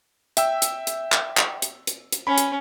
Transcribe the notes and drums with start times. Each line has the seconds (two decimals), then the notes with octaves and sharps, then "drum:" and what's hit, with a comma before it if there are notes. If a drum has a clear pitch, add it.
0.37 E5 G5 E6, drum: hi-hat
0.62 drum: hi-hat
0.87 drum: hi-hat
1.12 drum: clap
1.37 drum: clap
1.62 drum: hi-hat
1.87 drum: hi-hat
2.12 drum: hi-hat
2.27 C#4 B5
2.38 drum: hi-hat